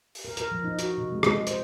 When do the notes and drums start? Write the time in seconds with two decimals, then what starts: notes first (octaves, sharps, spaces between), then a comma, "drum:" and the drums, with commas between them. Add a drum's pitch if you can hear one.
0.15 drum: open hi-hat
0.25 A#4
0.37 A#4, drum: hi-hat
0.51 F3
0.64 D#4
0.79 F#4, drum: hi-hat
0.98 C3
1.12 G#3
1.23 G#3, drum: rim click
1.47 C5, drum: hi-hat